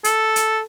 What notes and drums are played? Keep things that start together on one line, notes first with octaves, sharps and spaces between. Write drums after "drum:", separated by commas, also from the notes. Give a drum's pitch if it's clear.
A4, drum: hi-hat
drum: hi-hat